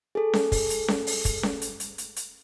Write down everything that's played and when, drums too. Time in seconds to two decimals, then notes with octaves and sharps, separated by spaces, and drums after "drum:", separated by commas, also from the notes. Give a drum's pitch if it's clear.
0.15 G#4 A4
0.33 drum: snare C#4
0.52 drum: kick, open hi-hat
0.70 drum: hi-hat
0.88 drum: snare C#4
1.07 drum: open hi-hat
1.25 drum: kick, hi-hat
1.43 drum: snare C#4
1.62 drum: hi-hat
1.80 drum: hi-hat
1.98 drum: hi-hat
2.16 drum: hi-hat